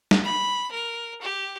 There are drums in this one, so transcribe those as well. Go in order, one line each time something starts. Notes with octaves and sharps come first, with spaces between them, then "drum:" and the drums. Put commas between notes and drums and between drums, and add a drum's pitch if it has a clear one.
drum: snare
B5
A#4
G4